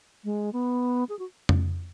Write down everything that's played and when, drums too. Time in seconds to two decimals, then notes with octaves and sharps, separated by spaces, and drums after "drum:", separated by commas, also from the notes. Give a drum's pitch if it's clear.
0.24 G#3
0.53 B3
1.09 G#4
1.19 F#4
1.49 drum: tom F2